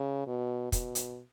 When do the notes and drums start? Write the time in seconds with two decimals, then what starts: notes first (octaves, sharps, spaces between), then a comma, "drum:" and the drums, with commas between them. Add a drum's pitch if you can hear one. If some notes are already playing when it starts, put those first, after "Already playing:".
Already playing: C#3
0.27 B2
0.72 B2, drum: kick, hi-hat
0.95 drum: hi-hat